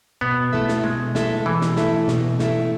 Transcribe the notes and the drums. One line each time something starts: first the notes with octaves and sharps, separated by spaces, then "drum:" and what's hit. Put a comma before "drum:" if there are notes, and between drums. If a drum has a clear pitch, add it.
B2 B3
A3 E4 A4 E5
drum: snare
B2 G#3
A3 E4 A4 E5, drum: snare
B2 E3
drum: snare
A3 E4 A4 E5, drum: snare
B2, drum: snare
A3 E4 A4 E5, drum: snare